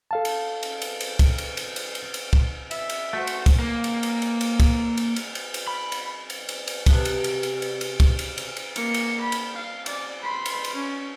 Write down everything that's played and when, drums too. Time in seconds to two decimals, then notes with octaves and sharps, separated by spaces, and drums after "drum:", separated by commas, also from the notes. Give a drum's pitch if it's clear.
0.11 A4 F5 A5
0.25 drum: cymbal
0.63 drum: cymbal
0.82 drum: cymbal
1.01 drum: cymbal
1.19 drum: kick, cymbal
1.38 drum: cymbal
1.57 drum: cymbal
1.76 drum: cymbal
1.95 drum: cymbal
2.14 drum: cymbal
2.33 drum: kick
2.71 E5, drum: cymbal
2.90 drum: cymbal
3.13 A3 F#4 C5
3.27 drum: cymbal
3.46 drum: kick, cymbal
3.59 A#3
3.84 drum: cymbal
4.03 drum: cymbal
4.22 drum: cymbal
4.41 drum: cymbal
4.60 drum: kick, cymbal
4.97 drum: cymbal
5.16 drum: cymbal
5.35 drum: cymbal
5.54 drum: cymbal
5.67 B5
5.92 drum: cymbal
6.30 drum: cymbal
6.49 drum: cymbal
6.68 drum: cymbal
6.86 C3 B3 F#5 G5 A5, drum: kick, cymbal
7.05 drum: cymbal
7.24 drum: cymbal
7.43 drum: cymbal
7.62 drum: cymbal
7.81 drum: cymbal
8.00 drum: kick, cymbal
8.19 drum: cymbal
8.38 drum: cymbal
8.57 drum: cymbal
8.76 A#3 C#7, drum: cymbal
8.94 drum: cymbal
9.21 B5
9.32 drum: cymbal
9.55 F5
9.86 D5, drum: cymbal
10.21 B5 C6
10.46 drum: cymbal
10.64 drum: cymbal
10.75 C#4